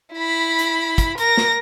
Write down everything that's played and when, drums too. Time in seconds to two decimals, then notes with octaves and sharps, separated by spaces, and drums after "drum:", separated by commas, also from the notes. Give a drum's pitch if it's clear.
0.14 E4 B5
0.59 drum: hi-hat
0.98 drum: kick, hi-hat
1.18 A#4 A#6, drum: hi-hat
1.37 drum: snare